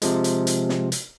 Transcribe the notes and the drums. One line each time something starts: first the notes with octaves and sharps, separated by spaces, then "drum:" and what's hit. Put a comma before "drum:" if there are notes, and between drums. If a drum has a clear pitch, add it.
C3 F3 G#3, drum: hi-hat
drum: hi-hat
drum: hi-hat
drum: snare
drum: hi-hat